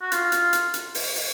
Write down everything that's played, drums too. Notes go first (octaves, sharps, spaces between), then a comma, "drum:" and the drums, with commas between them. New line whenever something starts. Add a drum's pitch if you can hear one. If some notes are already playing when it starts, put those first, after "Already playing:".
F#4
F4, drum: hi-hat
drum: hi-hat
drum: hi-hat
drum: hi-hat
drum: open hi-hat
drum: open hi-hat